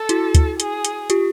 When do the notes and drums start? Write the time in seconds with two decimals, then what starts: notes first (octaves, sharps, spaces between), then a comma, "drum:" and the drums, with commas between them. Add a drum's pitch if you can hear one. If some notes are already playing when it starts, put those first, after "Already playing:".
Already playing: A4
0.09 E4 F#4, drum: hi-hat
0.35 drum: kick, hi-hat
0.60 G#4, drum: hi-hat
0.85 drum: hi-hat
1.10 F4 G4, drum: hi-hat